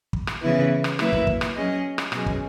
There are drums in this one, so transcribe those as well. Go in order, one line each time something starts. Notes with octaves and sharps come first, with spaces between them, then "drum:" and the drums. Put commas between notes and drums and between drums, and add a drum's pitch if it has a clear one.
drum: kick
drum: rim click
C#3 E3 B3 E4 B4
drum: rim click
F#3 A#3 E4 B4 E5, drum: rim click
drum: kick
drum: kick
drum: rim click
F#3 C#4 G#4 D#5
drum: rim click
B2 F#3 C#4 G#4 D#5, drum: rim click
drum: kick